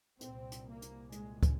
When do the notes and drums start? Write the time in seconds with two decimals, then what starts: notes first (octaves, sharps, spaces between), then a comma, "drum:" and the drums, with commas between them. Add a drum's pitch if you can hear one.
0.21 C2 A#2 C4, drum: hi-hat
0.52 drum: hi-hat
0.67 A#3
0.82 drum: hi-hat
1.12 G#3, drum: hi-hat
1.43 drum: kick, hi-hat